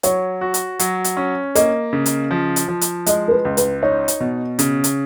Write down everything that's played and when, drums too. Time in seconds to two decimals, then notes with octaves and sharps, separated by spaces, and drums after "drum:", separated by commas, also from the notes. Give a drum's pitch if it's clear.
0.03 F#3 C#5, drum: hi-hat
0.41 F#4
0.54 drum: hi-hat
0.79 F#3, drum: hi-hat
1.04 drum: hi-hat
1.17 C#4
1.55 A#3 D#5, drum: hi-hat
1.93 C#3
2.06 drum: hi-hat
2.31 F3
2.56 drum: hi-hat
2.68 F3
2.81 drum: hi-hat
3.06 G#3 D#5, drum: hi-hat
3.28 A#4
3.31 B4
3.45 C#2
3.57 B4, drum: hi-hat
3.82 D#4 C#5
4.08 drum: hi-hat
4.20 B2
4.59 C#3, drum: hi-hat
4.84 drum: hi-hat